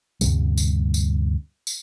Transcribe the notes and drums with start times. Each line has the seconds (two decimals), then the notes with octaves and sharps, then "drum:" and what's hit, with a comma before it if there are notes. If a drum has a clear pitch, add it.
0.21 D2 G2 C3 G3, drum: tambourine
0.58 drum: tambourine
0.94 drum: tambourine
1.67 drum: tambourine